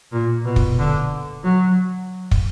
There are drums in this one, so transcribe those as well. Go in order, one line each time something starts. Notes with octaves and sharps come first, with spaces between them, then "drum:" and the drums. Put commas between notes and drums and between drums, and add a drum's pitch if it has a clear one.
A#2
B2
drum: kick
D3
F#3
drum: kick